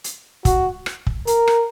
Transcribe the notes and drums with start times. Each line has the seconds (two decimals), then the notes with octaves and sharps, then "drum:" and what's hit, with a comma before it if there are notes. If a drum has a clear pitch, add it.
0.04 drum: hi-hat
0.45 F#4, drum: kick, hi-hat
0.86 drum: rim click
1.07 drum: kick
1.27 A#4, drum: hi-hat
1.47 drum: rim click